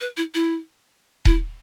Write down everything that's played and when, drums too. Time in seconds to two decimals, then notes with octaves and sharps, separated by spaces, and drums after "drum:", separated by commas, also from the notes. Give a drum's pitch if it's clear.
0.01 B4
0.17 E4
0.34 E4
1.25 E4, drum: kick D#1